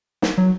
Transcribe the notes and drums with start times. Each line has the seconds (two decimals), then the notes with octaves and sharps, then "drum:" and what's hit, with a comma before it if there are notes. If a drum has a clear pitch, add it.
0.22 drum: snare
0.38 F#3